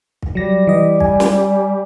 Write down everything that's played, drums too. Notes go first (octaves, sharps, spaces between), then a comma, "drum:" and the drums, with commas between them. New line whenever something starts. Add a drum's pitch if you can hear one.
drum: kick
F#3 G3 A#6
E3 D#5
G#5, drum: kick
drum: snare